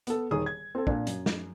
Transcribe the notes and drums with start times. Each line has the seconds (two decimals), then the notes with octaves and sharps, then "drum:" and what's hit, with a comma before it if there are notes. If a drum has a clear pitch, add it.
0.07 B3 A4, drum: hi-hat
0.31 D#1 D#3 G#4 D#6
0.46 G#6
0.75 C4 A4
0.87 A#2 D4, drum: kick
1.07 F#2, drum: hi-hat
1.26 drum: snare